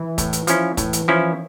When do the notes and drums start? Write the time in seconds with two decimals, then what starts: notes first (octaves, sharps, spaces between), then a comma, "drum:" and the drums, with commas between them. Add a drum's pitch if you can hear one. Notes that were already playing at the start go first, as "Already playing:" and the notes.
Already playing: E3
0.18 A2, drum: kick, hi-hat
0.33 drum: hi-hat
0.47 F3 C#4 E4, drum: hi-hat
0.77 A2 E3, drum: kick, hi-hat
0.93 drum: hi-hat
1.08 F3 C#4 E4